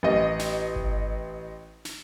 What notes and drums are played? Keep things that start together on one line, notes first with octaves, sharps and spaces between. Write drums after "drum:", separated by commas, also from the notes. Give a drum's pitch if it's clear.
A1 D#5
drum: snare
drum: kick G1
drum: snare